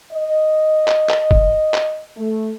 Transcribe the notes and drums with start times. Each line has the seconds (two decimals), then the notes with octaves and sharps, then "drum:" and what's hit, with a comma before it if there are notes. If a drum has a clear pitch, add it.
0.11 D#5
0.88 drum: clap
1.09 drum: clap
1.31 drum: kick
1.74 drum: clap
2.17 A3